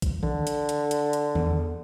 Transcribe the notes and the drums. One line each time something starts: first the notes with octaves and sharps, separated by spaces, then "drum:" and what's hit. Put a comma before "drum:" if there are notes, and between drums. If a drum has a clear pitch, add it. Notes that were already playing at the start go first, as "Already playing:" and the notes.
drum: kick, hi-hat
D3, drum: tom D3
drum: hi-hat
drum: hi-hat
drum: hi-hat
drum: hi-hat
E2 A3 B3, drum: tom D3